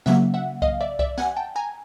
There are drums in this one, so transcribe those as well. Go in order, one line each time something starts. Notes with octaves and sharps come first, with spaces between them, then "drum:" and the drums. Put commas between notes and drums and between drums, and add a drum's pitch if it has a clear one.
C#3 F#3 A#3 E5 F#5, drum: snare
E5 F#5
D#5 F5, drum: kick C2
D5 E5
D5 E5, drum: kick C2
F#5 G#5, drum: snare
G5 A5
G#5 A#5